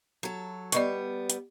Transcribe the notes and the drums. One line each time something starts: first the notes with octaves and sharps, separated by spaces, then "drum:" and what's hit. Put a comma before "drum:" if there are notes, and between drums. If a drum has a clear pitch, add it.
F#3 A4
G3 B3 D5 D#5 C#6, drum: hi-hat
drum: hi-hat